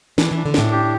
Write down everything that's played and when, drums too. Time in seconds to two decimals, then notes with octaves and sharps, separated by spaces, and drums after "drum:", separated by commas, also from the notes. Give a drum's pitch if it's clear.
0.18 E3 D4, drum: snare
0.31 E3
0.36 D4
0.46 D3
0.54 A2 D4, drum: snare
0.72 G4